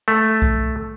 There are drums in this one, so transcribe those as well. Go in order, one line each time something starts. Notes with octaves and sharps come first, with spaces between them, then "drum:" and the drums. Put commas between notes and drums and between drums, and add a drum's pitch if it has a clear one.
A3
drum: kick C2